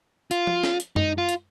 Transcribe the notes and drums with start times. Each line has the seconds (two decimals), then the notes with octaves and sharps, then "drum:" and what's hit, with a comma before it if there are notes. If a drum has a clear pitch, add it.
0.31 F4, drum: hi-hat
0.47 drum: tom F3
0.64 drum: snare
0.80 drum: hi-hat
0.96 D#4, drum: tom F#2
1.18 F4
1.29 drum: hi-hat